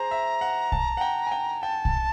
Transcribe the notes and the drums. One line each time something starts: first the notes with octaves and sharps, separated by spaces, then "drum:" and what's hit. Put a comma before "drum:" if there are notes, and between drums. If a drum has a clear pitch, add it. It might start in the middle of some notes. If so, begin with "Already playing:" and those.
Already playing: G#4 C5 A#5
E5
F#5
A5, drum: kick
F#5
G5
G#5
G5
G5 A5
drum: kick